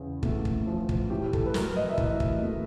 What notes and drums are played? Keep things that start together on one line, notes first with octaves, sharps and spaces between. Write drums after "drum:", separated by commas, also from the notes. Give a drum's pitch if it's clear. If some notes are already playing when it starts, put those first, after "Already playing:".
Already playing: E2 C#3
A3, drum: kick
drum: kick
F3
drum: kick
A2 G4
A4, drum: kick
B4
F#3 A#4, drum: snare
D#5
E5
A2, drum: kick
D#5
drum: kick
A3